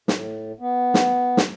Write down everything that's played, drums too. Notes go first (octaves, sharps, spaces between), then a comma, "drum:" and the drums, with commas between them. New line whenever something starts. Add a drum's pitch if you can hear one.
A2, drum: snare
B3
drum: snare
drum: snare